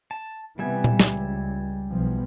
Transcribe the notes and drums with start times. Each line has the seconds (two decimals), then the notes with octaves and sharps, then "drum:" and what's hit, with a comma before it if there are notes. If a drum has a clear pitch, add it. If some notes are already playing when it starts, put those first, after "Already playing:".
0.11 A5
0.59 C3 E3 G3 B3 E5 G#5
0.84 drum: tom A#2
1.00 C#2, drum: snare
1.90 B1 F3 B3